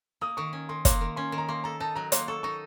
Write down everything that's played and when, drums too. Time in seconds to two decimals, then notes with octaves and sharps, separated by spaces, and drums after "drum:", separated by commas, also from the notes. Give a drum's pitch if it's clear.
0.21 A#3 D#6
0.37 D#3 C#6
0.53 C#4
0.69 D#3 C6
0.85 A#3 C6, drum: kick, hi-hat
1.01 D#3
1.16 C#4 C6
1.32 D#3
1.38 A#5
1.49 A#3 C6
1.64 A4 A#5
1.80 D#4 A5
1.96 F#3 A#5
2.12 A#3 C6, drum: hi-hat
2.28 A4 C#6
2.43 D#4 C#6